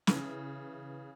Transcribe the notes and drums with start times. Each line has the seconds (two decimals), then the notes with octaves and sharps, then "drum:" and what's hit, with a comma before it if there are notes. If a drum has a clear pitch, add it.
0.07 C#3 E3, drum: snare